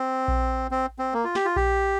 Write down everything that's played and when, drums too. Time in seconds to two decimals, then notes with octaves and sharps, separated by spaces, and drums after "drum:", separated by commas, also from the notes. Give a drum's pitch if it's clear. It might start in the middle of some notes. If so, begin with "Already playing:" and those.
Already playing: C4
0.28 drum: kick A#1
0.71 C4
0.99 C4
1.14 A#3
1.25 F4
1.35 G4, drum: snare
1.45 F4
1.56 G4, drum: kick A#1